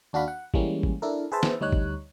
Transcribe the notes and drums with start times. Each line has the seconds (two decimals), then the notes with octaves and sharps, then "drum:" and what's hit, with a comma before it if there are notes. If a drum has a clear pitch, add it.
0.13 D#2 D4 F#4 F5 B5
0.28 F#5
0.54 E3 G3 G#3 A#3 C#4, drum: kick G#1
0.83 drum: kick G#1
1.02 D4 E4 A4 A#4
1.32 G#4 B4 C5 E5 A5
1.43 drum: snare
1.61 D2 G3 D#4 C#5 F#6
1.72 drum: kick G#1